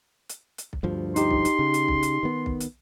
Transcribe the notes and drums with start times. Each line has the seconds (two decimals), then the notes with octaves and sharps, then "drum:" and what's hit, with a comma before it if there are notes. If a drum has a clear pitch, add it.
0.29 drum: hi-hat
0.58 drum: hi-hat
0.73 drum: kick B1
0.83 D2 G2 F3
1.16 D#4 G4 C6, drum: hi-hat
1.31 drum: kick B1
1.45 drum: hi-hat
1.59 C#3
1.74 drum: hi-hat
1.88 drum: kick B1
2.03 drum: hi-hat
2.23 D#3 B3
2.46 drum: kick B1
2.60 drum: hi-hat